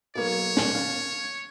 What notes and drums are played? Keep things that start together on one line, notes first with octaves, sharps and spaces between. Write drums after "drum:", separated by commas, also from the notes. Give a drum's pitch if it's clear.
B1 A#3 C#5
drum: snare
F5 A5